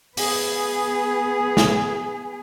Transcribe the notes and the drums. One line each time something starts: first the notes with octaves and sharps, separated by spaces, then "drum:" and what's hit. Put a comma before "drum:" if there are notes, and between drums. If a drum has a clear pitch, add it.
B3 G#4, drum: open hi-hat
drum: snare